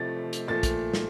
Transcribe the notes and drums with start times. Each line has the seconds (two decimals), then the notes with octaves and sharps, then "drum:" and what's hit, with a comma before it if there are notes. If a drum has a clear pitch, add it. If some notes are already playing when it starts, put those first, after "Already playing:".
Already playing: C3 F3 A3 A6
0.33 drum: hi-hat
0.48 A#2 F3 A3 A6
0.63 drum: kick, hi-hat
0.94 drum: snare